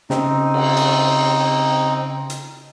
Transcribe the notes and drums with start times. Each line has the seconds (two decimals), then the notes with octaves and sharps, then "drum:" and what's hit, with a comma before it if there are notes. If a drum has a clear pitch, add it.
0.10 C#3 C4 D#4, drum: snare
0.54 drum: cymbal
0.77 drum: cymbal
2.30 drum: hi-hat